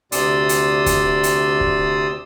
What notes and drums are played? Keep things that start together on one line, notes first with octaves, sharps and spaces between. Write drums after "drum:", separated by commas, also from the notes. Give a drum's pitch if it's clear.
D2 C3 D5 C6 D#6 E6, drum: hi-hat
drum: hi-hat
drum: kick, hi-hat
drum: hi-hat
drum: kick